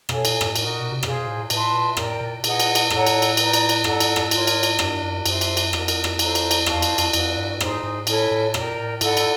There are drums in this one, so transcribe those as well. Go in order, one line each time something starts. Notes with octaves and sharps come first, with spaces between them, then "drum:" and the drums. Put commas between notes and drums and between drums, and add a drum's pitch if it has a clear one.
B2 A4 C#5 F5 G#5, drum: rim click
A#2, drum: cymbal
G#2, drum: rim click
A2 D#4 F#4 A#4, drum: cymbal
A#2
B2
C3
B2 G#4 C5 F5 G#5, drum: rim click
A2
A2 B4 E5 A5 C6, drum: cymbal
A#2
A2 A#4 D5 G5, drum: rim click
A#2
A#2 G#4 B4 D#5 F#5, drum: cymbal
drum: cymbal
drum: cymbal
A2 A4 C#5 F#5 A#5, drum: rim click
drum: cymbal
drum: cymbal
B4 D5 G5 A#5, drum: cymbal
drum: cymbal
drum: cymbal
G#2 A4 D5 F#5 A#5, drum: rim click
drum: cymbal
drum: rim click
F4 A#4 C#5, drum: cymbal
drum: cymbal
drum: cymbal
G2 D4 F#4 A#4, drum: rim click
F#2
F#2 G4 C5 E5, drum: cymbal
drum: cymbal
drum: cymbal
F2 F#4 A#4 D#5, drum: rim click
drum: cymbal
drum: rim click
A4 C5 F5 A#5, drum: cymbal
drum: cymbal
drum: cymbal
E2 C5 F5 A5 C#6, drum: rim click
F2, drum: cymbal
F2, drum: cymbal
F2 F#4 B4 D5 F5, drum: cymbal
G2
G#2 D#4 G#4 C5, drum: rim click
G#2
A2 C#4 E4 A4 C#5, drum: cymbal
A2
A#2 A#4 D5 G5, drum: rim click
A2
G#2 E4 A4 D5 F#5, drum: cymbal
drum: cymbal